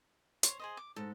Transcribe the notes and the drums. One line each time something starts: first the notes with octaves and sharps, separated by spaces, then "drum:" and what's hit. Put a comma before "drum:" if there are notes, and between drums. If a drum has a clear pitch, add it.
C5 C#5, drum: hi-hat
G#4 C5 D#5
D6
G#2 A4